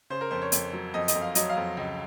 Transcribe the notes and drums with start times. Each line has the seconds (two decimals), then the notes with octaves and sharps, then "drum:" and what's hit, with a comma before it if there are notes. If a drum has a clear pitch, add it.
0.10 C#3 C5
0.21 A#4
0.31 F2 C5
0.42 C#5
0.52 F2, drum: hi-hat
0.73 F#3
0.94 F2 D#5
1.08 D#5, drum: hi-hat
1.15 F2
1.21 F5
1.35 F#3 D#5, drum: hi-hat
1.49 F5
1.56 F2
1.77 C#2